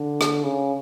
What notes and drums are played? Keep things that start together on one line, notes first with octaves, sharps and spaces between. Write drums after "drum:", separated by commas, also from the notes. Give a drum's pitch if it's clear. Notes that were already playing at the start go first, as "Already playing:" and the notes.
Already playing: D3
drum: rim click
C#3